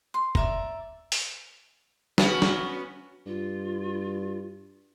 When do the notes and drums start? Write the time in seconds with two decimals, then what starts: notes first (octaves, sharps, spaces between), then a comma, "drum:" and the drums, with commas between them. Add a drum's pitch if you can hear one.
0.14 C6
0.35 D5 E5 A#5, drum: kick F#1
1.12 drum: open hi-hat
2.18 B3 C#4 F#4, drum: snare
2.42 drum: snare
3.26 G2 F4